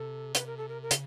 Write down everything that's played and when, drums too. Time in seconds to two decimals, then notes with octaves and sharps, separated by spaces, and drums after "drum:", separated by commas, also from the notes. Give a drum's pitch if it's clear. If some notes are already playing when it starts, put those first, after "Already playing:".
Already playing: C3 A4
0.35 B4, drum: hi-hat
0.46 A#4
0.57 A4
0.68 A#4
0.82 A#4
0.91 C#3, drum: hi-hat